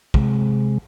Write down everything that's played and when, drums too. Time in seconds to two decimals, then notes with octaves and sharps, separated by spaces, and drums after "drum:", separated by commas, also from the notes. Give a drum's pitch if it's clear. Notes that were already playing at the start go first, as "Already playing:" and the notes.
0.14 C3 G#3, drum: kick